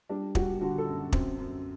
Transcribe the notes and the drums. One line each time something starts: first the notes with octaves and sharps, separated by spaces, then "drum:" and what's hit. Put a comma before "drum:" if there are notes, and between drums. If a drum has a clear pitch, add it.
G3 D4
G3 F#4, drum: kick
D3 F#4
A4
F#2
F#2 C4, drum: kick
F#2